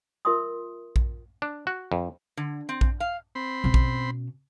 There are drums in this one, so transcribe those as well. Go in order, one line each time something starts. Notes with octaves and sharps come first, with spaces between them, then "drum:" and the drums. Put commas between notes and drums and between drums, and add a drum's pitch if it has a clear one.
F4 A#4 E5 A#5 C6 D#6
drum: kick A#1
D4
F#4
F2
D3
C4
drum: kick A#1
F5
C4 B5 C6
B2 C#4
drum: kick A#1